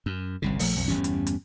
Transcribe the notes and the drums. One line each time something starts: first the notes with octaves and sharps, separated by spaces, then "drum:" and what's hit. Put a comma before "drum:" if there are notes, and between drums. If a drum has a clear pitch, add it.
F#2
G1 C2 C#3
A#1 F3 A3, drum: open hi-hat
B1 F2
G1 E2 G3 C#4
drum: hi-hat
drum: hi-hat